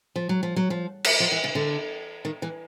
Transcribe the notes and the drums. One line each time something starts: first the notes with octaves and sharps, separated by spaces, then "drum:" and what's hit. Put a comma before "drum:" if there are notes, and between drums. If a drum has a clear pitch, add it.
F3
F#3
F3
F#3
F3
drum: cymbal
F3
E3
C#3
D3
D#3
E3